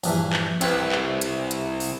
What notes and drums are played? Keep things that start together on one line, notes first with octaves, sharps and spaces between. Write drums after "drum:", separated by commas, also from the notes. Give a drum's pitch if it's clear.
A#1 G2 E3, drum: open hi-hat
drum: clap
C2 C4 B4, drum: hi-hat
drum: clap
drum: hi-hat
drum: hi-hat
drum: open hi-hat